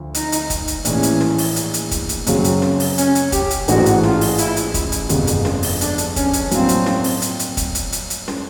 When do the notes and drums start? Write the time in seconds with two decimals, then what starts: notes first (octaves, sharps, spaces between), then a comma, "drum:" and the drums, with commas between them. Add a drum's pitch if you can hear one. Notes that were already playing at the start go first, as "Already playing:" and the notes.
Already playing: D2 F3
0.14 D#4, drum: hi-hat
0.32 drum: hi-hat
0.50 drum: kick, hi-hat
0.68 drum: hi-hat
0.85 A#1 A2 E3 C#4, drum: hi-hat
1.03 drum: hi-hat
1.21 drum: snare
1.38 drum: open hi-hat
1.56 drum: hi-hat
1.74 drum: hi-hat
1.91 drum: kick, hi-hat
2.09 drum: hi-hat
2.27 F#2 C#3 F#3 C4, drum: hi-hat
2.44 drum: hi-hat
2.62 drum: snare
2.80 drum: open hi-hat
2.98 C#4, drum: hi-hat
3.15 drum: hi-hat
3.32 G4, drum: kick, hi-hat
3.50 drum: hi-hat
3.68 A1 G#2 E3 A3 D4 F#4, drum: hi-hat
3.86 drum: hi-hat
4.04 F4, drum: snare
4.21 drum: open hi-hat
4.38 E4, drum: hi-hat
4.57 drum: hi-hat
4.74 drum: kick, hi-hat
4.92 drum: hi-hat
5.09 G1 F2 C3 F3 G#3, drum: hi-hat
5.27 drum: hi-hat
5.45 drum: snare
5.63 drum: open hi-hat
5.81 D4, drum: hi-hat
5.98 drum: hi-hat
6.16 C#4, drum: kick, hi-hat
6.33 drum: hi-hat
6.51 A2 F#3 A#3 C4 D4 F4, drum: hi-hat
6.69 drum: hi-hat
6.86 drum: snare
7.04 drum: open hi-hat
7.22 drum: hi-hat
7.39 drum: hi-hat
7.57 drum: kick, hi-hat
7.75 drum: hi-hat
7.92 drum: hi-hat
8.10 drum: hi-hat
8.28 drum: snare